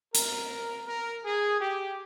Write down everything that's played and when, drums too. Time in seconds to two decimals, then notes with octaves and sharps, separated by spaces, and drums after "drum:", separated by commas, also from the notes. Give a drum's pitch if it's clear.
0.14 A#4, drum: hi-hat
0.87 A#4
1.24 G#4
1.61 G4